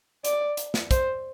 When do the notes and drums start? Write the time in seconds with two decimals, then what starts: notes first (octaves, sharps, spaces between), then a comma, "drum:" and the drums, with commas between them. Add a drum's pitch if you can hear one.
0.25 D5, drum: hi-hat
0.57 drum: hi-hat
0.74 drum: snare
0.91 C5, drum: kick, hi-hat